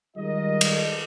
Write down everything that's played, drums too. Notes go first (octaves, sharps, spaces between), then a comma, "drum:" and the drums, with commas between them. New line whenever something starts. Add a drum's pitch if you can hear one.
D#3 G3 G#3 F4 A#4 D#5
drum: cymbal